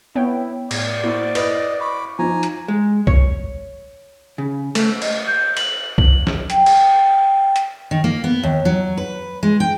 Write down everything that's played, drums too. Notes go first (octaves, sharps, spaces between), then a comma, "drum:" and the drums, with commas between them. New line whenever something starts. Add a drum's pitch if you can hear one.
B3 E4 C#5 G5
A2 D5 G#6, drum: cymbal
A#3 E4 F#4 C5
B4 D#5, drum: cymbal
B5 C#6 D6
F3 D#4 G#5 A#5
drum: hi-hat
G#3
C#5, drum: kick C2
C#3
A3, drum: cymbal
D#5, drum: cymbal
G6
F#7, drum: cymbal
F#7, drum: kick C2
drum: snare
G5, drum: hi-hat
drum: cymbal
drum: hi-hat
D#3
A#3
B3
D#2
F#3
B4
G#3
G5